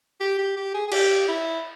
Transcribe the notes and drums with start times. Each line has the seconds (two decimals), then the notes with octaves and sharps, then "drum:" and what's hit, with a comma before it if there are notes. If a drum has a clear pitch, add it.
0.20 G4
0.39 G4
0.56 G4
0.74 G#4
0.88 G#4
0.92 G4, drum: cymbal
1.28 E4